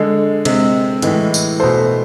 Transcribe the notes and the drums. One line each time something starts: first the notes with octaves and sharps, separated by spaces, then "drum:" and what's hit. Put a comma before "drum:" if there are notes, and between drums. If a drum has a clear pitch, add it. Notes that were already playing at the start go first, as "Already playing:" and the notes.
Already playing: D3 G#3
C3 G#3, drum: cymbal
A2 E3 G#3, drum: hi-hat
drum: tambourine
B2 A3 C5